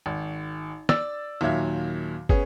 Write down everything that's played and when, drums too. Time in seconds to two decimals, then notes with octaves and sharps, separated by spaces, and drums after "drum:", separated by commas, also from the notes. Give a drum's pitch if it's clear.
0.06 G#1
0.89 D5 E6 A6, drum: snare
1.41 D#2 A#2 F#3 E5 G#6
2.29 B3 C#4 G#4, drum: kick